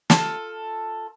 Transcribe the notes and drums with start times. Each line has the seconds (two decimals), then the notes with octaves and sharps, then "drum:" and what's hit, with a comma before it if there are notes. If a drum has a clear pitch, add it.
0.10 F4 A4 E6, drum: snare